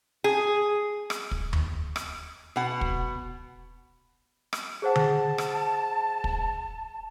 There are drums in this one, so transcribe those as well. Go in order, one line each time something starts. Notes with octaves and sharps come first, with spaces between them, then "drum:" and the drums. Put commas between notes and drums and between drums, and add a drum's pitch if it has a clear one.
G#4
drum: rim click
drum: kick
drum: tom D#2
drum: rim click
B2 F#5
drum: kick
drum: rim click
G#4 C5 F#5 A5
drum: tom D3
drum: rim click
drum: kick